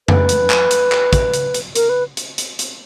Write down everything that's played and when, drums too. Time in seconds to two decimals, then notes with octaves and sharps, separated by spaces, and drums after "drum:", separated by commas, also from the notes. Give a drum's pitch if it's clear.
0.08 B4, drum: tom F2
0.29 drum: hi-hat
0.50 drum: clap
0.71 drum: hi-hat
0.92 drum: clap
1.13 drum: kick, hi-hat
1.34 drum: hi-hat
1.54 drum: hi-hat
1.75 A#4, drum: hi-hat
1.89 B4
2.17 drum: hi-hat
2.38 drum: hi-hat
2.59 drum: hi-hat